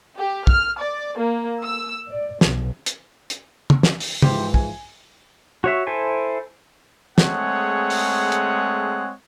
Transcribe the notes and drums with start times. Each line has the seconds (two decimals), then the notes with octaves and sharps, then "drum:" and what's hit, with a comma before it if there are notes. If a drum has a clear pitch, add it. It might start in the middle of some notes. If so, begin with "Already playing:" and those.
0.18 G4
0.47 F6, drum: kick
0.80 D5
1.18 A#3
1.62 E6
2.08 D5
2.41 B1, drum: snare
2.86 drum: hi-hat
3.30 drum: hi-hat
3.70 drum: tom
3.83 drum: snare
4.00 drum: open hi-hat
4.22 G#2 E3 F3 G4 C5, drum: tom
4.54 G#5, drum: kick
5.64 F#4 C#5 E5
5.87 E4 A4 C5 G#5
7.18 G#3 A3 C4 G#4 C#5 F#5, drum: snare
7.90 drum: open hi-hat
8.32 drum: hi-hat